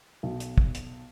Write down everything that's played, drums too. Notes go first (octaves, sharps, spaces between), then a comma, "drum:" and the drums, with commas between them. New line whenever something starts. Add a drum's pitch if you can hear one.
B1
drum: hi-hat
drum: kick
drum: hi-hat